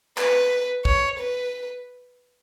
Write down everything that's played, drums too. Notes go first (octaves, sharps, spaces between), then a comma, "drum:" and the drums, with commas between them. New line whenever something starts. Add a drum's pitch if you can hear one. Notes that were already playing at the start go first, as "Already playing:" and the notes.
B4, drum: clap
C#5, drum: kick
B4